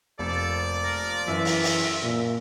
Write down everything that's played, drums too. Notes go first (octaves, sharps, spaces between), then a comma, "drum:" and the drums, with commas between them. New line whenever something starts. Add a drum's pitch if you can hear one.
F1 A#2 F3 A4 D5
A#4
F#2 E3 E5
drum: open hi-hat
drum: open hi-hat
A#2